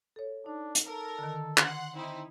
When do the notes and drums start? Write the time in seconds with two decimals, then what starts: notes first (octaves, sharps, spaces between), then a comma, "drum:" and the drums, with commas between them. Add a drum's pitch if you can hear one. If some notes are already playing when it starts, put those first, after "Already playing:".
0.16 A4 C#5
0.46 D4 D#4
0.75 drum: hi-hat
0.85 A4 A#4
1.19 D3 D#3
1.57 F#5 C6, drum: clap
1.96 C4 D#4 E4